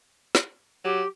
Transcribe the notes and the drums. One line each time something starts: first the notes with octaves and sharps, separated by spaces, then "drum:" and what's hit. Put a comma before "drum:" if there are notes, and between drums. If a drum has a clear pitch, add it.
drum: snare
F#3 G4